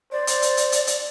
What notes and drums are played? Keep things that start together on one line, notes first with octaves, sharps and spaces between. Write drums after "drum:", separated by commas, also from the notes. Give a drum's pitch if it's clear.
C5 D5
drum: hi-hat
drum: hi-hat
drum: hi-hat
drum: hi-hat
drum: hi-hat